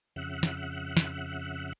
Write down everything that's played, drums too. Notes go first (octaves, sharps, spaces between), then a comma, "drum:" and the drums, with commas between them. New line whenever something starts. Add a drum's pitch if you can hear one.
F2 C#3 E5 F#5 F#6
drum: snare
drum: snare